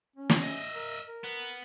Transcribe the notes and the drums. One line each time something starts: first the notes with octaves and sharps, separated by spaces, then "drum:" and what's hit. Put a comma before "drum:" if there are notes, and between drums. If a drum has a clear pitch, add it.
C#4
drum: snare
D#5 E5
A#4
A#4
B3